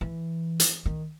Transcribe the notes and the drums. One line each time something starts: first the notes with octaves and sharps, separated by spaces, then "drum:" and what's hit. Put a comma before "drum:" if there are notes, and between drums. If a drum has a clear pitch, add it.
E3
drum: hi-hat
D#3